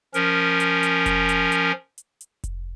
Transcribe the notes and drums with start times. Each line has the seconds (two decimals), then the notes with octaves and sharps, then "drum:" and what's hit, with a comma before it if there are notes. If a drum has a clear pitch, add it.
0.14 F3 C#4 A#4, drum: hi-hat
0.60 drum: hi-hat
0.83 drum: hi-hat
1.06 drum: kick F1, hi-hat
1.29 drum: hi-hat
1.52 drum: hi-hat
1.98 drum: hi-hat
2.21 drum: hi-hat
2.44 drum: kick F1, hi-hat